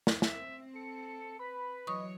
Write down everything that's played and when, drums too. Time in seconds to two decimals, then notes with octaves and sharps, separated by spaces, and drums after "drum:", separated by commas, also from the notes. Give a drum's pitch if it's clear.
0.07 drum: snare
0.22 C4 E5, drum: snare
0.76 A4 C#7
1.39 B4 B5
1.87 E3 F#3 C#5 D#5 C#6 D#6